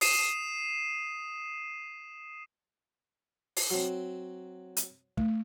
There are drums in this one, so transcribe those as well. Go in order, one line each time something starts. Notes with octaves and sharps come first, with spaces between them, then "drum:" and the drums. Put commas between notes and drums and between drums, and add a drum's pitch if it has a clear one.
D#6 C7 D#7 E7, drum: open hi-hat
drum: open hi-hat
F#3 C4
drum: hi-hat
A3, drum: kick